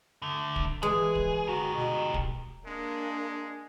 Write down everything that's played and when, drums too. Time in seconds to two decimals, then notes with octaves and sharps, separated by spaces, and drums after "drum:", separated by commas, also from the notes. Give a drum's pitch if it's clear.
0.22 D3 A3
0.56 drum: kick
0.83 E3 G#3 G#4
1.15 drum: kick
1.48 F#4 G4 A#4
1.75 B2
2.14 drum: kick
2.66 G#3 A#3 D4